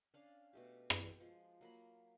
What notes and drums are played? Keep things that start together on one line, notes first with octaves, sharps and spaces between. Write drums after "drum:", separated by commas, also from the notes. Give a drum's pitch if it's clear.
C#4 D4 F5
B2 A3 G4
G5, drum: rim click
F3 G#3
F#3 A#3 B5